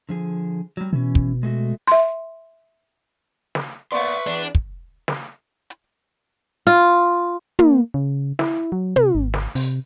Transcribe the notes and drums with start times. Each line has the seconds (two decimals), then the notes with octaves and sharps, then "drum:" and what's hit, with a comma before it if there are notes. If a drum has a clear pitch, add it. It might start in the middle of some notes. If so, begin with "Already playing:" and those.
0.09 D3 F3 G#4
0.77 F#3 G3
0.93 B2 E3 C#4
1.15 drum: kick
1.43 G#3 A3 F#4
1.87 E5 C6
3.55 drum: snare
3.92 A#3 B3 B4 D5 E5 C6 C#6
4.27 E2 D4
4.55 drum: kick
5.08 drum: snare
5.70 drum: hi-hat
6.67 F4
7.59 A#3, drum: tom
7.94 C#3
8.39 E4, drum: snare
8.72 F#3
8.96 C3, drum: tom
9.15 G#1
9.34 drum: snare
9.55 C3, drum: open hi-hat